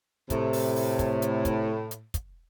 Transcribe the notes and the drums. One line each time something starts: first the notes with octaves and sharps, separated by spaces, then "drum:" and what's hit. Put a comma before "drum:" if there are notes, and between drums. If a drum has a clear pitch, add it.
A2 C3, drum: kick, hi-hat
drum: open hi-hat
drum: open hi-hat
drum: kick, hi-hat
drum: hi-hat
drum: kick, hi-hat
drum: hi-hat
drum: kick, hi-hat